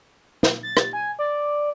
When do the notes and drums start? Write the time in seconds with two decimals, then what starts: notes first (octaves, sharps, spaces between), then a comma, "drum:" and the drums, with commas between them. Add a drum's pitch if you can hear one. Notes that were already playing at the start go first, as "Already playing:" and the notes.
0.43 drum: snare
0.63 A6
0.77 drum: rim click
0.93 G#5
1.19 D5